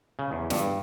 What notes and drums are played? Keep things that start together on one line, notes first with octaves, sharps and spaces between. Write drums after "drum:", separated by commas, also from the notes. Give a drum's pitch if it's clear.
C#3
E2
G2, drum: snare